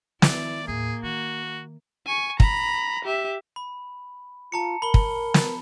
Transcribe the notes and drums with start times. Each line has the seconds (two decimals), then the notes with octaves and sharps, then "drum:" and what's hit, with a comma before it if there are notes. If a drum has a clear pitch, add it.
0.22 D#3 G#3 E4 D5, drum: snare
0.67 D#2 A2 A#3 G#4
1.03 D#3 F#4
2.06 G#5 C#6
2.40 A#5 B5, drum: kick
3.05 G4 E5
3.56 B5
4.52 F4 A5 A#5 C#7
4.82 A#4 B5 G7
4.94 drum: kick
5.34 drum: snare